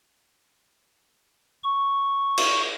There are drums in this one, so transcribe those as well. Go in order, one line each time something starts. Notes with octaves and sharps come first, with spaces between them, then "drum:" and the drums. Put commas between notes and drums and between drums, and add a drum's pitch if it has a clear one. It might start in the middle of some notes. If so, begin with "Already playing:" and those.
C#6
drum: cymbal